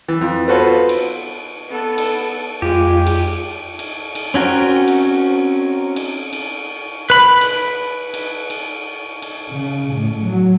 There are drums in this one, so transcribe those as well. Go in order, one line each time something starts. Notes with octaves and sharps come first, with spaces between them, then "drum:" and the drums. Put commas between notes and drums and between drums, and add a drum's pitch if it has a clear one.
E3
F2
B3 F4 F#4 A4 B4 C5
drum: cymbal
B3 A4
drum: cymbal
F2 G#3 F4 G4
drum: cymbal
drum: cymbal
drum: cymbal
C4 C#4 F#4 A#4 G5
drum: cymbal
drum: cymbal
drum: cymbal
B4 B5
drum: cymbal
drum: cymbal
drum: cymbal
drum: cymbal
C#3
A2
F#3